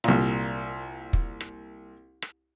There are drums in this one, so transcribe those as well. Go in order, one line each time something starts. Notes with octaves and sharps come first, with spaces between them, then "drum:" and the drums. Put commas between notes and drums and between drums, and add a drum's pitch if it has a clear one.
C2 A#2, drum: rim click
drum: kick
drum: rim click
drum: rim click